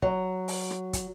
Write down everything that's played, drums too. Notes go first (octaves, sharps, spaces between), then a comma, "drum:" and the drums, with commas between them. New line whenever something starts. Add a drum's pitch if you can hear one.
F#3, drum: kick
drum: open hi-hat
drum: rim click
drum: kick, hi-hat